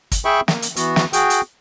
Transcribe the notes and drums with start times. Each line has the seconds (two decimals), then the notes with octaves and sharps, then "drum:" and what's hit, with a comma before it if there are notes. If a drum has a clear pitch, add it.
0.12 drum: kick, hi-hat
0.25 G#4 E5 G5 B5 C#6
0.48 A#3, drum: snare
0.62 drum: hi-hat
0.76 E3 B3 F#4, drum: hi-hat
0.96 drum: snare
1.13 F#4 G#4 G5, drum: hi-hat
1.30 drum: hi-hat